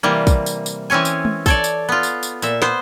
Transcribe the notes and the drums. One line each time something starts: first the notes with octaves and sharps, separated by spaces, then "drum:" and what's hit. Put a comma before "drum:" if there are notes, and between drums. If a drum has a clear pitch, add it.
C3 E3 G3 A#3
drum: kick, tambourine
drum: tambourine
drum: tambourine
E3 C4 C#4 C#5 G#5
drum: tambourine
drum: tom
A4 C#5 D5, drum: kick, tambourine
drum: tambourine
B3 F4
drum: tambourine
drum: tambourine
A#2 E5, drum: tambourine
B3 C5, drum: snare